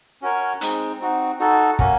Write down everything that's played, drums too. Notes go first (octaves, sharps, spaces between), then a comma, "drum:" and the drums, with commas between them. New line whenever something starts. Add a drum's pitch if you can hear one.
C#4 F#4 A#4 C#5
G#3 C4 D#4, drum: hi-hat
C4 D#4 F#4
D#4 F#4 A4
A#3 C#4 F#4, drum: kick